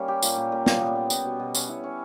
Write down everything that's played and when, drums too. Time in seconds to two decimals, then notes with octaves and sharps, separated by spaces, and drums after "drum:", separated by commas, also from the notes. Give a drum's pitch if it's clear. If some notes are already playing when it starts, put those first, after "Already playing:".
Already playing: G3 A#3 C#4
0.08 G4
0.22 A#2, drum: tambourine
0.37 A#2
0.52 A#2
0.66 A#2, drum: snare
0.81 B3
0.96 B3
1.10 B3, drum: tambourine
1.25 B2
1.39 B2
1.55 C#4, drum: tambourine
1.69 E4
1.84 C#4